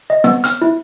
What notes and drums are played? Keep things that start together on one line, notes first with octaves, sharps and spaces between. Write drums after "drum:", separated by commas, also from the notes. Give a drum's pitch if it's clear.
D#5
B3, drum: snare C4
F6, drum: hi-hat
E4